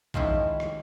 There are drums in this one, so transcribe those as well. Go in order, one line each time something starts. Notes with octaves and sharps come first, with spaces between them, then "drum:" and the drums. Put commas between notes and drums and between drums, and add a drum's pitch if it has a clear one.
D#3 F3 G#3 C4 C#4 E4, drum: kick
drum: rim click